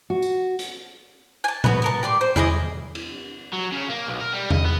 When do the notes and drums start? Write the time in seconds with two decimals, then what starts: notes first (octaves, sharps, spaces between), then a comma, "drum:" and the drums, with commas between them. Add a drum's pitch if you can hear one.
0.10 F#4
0.22 drum: tambourine
0.59 drum: hi-hat
1.44 G#5 A5
1.64 B3 F#4 B4, drum: tom A2
1.82 B3 A#4 A5
2.03 G4 D5 C6
2.21 C5
2.36 E4 G#4 A4 D#5, drum: tom E2
2.95 drum: cymbal
3.53 F#3
3.72 C#3
3.90 A#3
4.08 B1
4.21 A#4
4.33 G3
4.50 D#5, drum: tom E2
4.65 B3